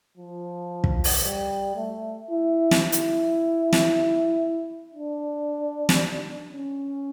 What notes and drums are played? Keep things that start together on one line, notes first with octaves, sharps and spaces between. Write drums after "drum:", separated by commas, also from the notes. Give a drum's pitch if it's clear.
F3
drum: kick
drum: open hi-hat
G3
A3
E4
drum: snare
E4
drum: hi-hat
drum: snare
D4
drum: snare
C#4